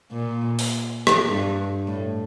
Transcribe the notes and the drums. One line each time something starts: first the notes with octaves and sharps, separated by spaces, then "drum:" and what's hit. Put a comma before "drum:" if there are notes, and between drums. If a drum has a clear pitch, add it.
A#2
drum: open hi-hat
drum: rim click
G2
A2